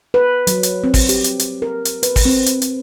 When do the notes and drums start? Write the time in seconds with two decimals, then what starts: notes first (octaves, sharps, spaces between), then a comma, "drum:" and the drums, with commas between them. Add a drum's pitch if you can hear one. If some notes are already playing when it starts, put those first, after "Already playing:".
0.14 B4
0.47 F#3, drum: hi-hat
0.63 drum: hi-hat
0.84 C4
0.94 drum: kick, open hi-hat
1.09 G4, drum: hi-hat
1.24 drum: hi-hat
1.39 drum: hi-hat
1.62 A#4
1.85 drum: hi-hat
2.03 B4, drum: hi-hat
2.16 drum: kick, open hi-hat
2.25 C4
2.46 drum: hi-hat
2.62 drum: hi-hat